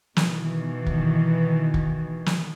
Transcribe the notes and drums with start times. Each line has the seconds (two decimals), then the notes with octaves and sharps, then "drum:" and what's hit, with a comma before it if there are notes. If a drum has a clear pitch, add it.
0.17 B2 D#3 E3, drum: snare
0.86 drum: kick
1.74 drum: kick
2.26 drum: snare